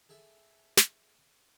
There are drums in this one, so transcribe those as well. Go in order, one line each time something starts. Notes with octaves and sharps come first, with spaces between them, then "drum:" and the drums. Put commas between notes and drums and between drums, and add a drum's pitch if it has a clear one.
G#4 A4 E5
drum: snare